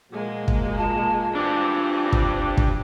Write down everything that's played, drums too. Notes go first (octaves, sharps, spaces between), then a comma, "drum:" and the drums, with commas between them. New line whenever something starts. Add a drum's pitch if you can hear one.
A#2 F3 G#3 A#3 F#4
drum: kick
F4 A5
E3 G3 C4 D4 D6
drum: kick
drum: kick